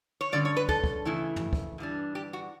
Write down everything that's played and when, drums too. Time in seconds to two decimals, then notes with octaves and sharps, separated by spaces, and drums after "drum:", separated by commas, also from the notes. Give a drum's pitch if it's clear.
0.21 C#5
0.32 G2 D3 F#3 C#4 D5
0.45 C#5
0.57 B4
0.69 A4, drum: kick
0.84 drum: kick
1.05 C#3 E3 A3 E4
1.36 drum: tom
1.53 drum: kick
1.78 G2 E3 G3 D4
2.15 G4
2.33 F#4